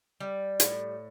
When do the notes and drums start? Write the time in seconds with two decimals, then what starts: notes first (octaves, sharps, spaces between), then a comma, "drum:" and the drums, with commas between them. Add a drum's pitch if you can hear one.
0.20 G3
0.60 A2, drum: hi-hat